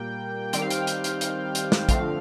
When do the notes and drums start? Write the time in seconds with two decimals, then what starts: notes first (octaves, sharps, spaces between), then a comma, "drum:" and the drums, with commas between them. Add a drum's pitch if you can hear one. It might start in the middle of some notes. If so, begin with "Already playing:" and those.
Already playing: A#2 G3 A#3 G5
0.53 D#3 G3 C4 G5, drum: hi-hat
0.62 F5
0.70 G5, drum: hi-hat
0.87 drum: hi-hat
1.04 drum: hi-hat
1.21 drum: hi-hat
1.55 drum: hi-hat
1.72 drum: snare
1.89 D3 F3 A3 C4 F5, drum: kick, hi-hat